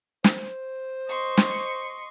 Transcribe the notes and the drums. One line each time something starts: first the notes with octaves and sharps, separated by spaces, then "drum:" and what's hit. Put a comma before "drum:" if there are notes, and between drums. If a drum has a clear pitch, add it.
C5, drum: snare
D#5 C6 C#6
drum: snare